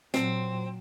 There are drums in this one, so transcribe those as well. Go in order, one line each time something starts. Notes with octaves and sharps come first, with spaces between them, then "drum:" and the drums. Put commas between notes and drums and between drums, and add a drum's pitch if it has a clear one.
A#2 F#3 C4, drum: snare